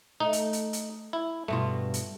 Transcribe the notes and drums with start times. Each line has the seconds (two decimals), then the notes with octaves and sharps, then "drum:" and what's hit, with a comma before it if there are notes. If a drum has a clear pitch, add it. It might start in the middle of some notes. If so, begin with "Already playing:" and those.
0.20 A3 D#4
0.33 drum: hi-hat
0.53 drum: hi-hat
0.73 drum: hi-hat
1.13 E4
1.48 G2 B2 A3 F4
1.94 drum: hi-hat